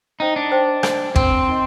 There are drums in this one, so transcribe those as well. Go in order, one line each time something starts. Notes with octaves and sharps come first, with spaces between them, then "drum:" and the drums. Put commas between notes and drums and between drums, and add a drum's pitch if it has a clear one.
D#4 C5 G5 A#5
D4
C5 G5 C6
A#4 F5 C6, drum: rim click
C4 D4 F4 C5 F5, drum: kick
D#4 A#4 D#5